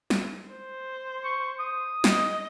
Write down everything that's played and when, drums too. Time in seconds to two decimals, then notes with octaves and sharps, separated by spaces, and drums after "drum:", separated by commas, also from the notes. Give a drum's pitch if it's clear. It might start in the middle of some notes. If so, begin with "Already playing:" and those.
0.10 drum: snare
0.50 C5
1.25 C#6
1.60 D#6
2.04 D#5, drum: snare